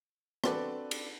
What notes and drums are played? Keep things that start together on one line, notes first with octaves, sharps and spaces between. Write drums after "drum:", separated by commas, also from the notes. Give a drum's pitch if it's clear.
C4 D4 F#4 A4 B4 D5, drum: rim click
drum: cymbal